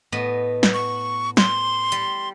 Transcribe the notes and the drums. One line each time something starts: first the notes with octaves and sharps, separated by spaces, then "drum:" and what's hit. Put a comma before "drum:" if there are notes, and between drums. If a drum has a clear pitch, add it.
A2 B3 D#5
drum: snare
C#6
C6, drum: snare
G3, drum: hi-hat